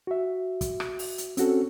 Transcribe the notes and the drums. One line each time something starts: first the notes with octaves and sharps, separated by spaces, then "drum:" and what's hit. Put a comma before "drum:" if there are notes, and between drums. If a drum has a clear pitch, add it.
F#4 E5
drum: kick, hi-hat
drum: rim click
drum: open hi-hat
drum: hi-hat
C4 C#4 F#4 A4, drum: hi-hat